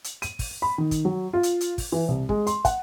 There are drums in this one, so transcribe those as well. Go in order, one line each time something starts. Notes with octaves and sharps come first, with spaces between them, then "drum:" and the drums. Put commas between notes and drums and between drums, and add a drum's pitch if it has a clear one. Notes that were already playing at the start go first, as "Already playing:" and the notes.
drum: hi-hat
D#7, drum: hi-hat
drum: kick, open hi-hat
B5
D#3
drum: kick, hi-hat
F#3
F4
drum: hi-hat
drum: hi-hat
drum: kick, open hi-hat
E3
C2
G#3, drum: kick
C6, drum: hi-hat
F#5, drum: kick, hi-hat